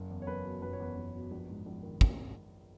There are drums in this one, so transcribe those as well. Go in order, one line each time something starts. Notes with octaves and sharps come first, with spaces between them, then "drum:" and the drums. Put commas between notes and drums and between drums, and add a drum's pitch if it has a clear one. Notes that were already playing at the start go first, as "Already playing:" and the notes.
Already playing: F#1
E2
C#5
F#1 B4
B2
F#1 B4
C#5
E2 B4
F#1
B2
A#1
G#2
A#1
D#3
drum: kick